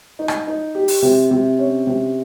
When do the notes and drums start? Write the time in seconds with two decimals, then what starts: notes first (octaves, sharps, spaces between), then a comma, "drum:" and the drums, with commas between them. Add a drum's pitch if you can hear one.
0.19 D#4
0.28 drum: rim click
0.47 D#4
0.75 G4
0.88 drum: open hi-hat
1.02 C3
1.31 C3
1.59 C#4
1.87 C3